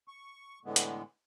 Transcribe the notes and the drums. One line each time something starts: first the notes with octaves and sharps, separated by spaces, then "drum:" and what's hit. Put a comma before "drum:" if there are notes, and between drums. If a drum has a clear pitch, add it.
C#6
A2 D3 E3 G#3 B3
drum: hi-hat